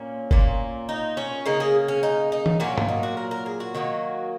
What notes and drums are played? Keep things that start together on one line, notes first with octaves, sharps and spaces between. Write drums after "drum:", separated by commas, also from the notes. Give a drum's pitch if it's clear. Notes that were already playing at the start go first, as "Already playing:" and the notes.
Already playing: A#2 A#3 C#4
A#2 A#3, drum: kick
D#4
C#4
C#3 A#3 D#4
G#4
C#4
D#4
D#4
drum: tom E3
A#2 F#3 A#3 C#4
drum: tom
D#4
F#4
A#4
A#4
G#4
F#4
D#3 F#3 A#3